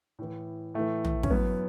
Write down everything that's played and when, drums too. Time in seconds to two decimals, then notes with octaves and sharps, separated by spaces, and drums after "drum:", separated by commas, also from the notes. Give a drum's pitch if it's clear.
0.19 A2 E3
0.74 A2 E3 A3
1.05 drum: tom
1.23 C#4, drum: kick
1.31 F#2 E3 B3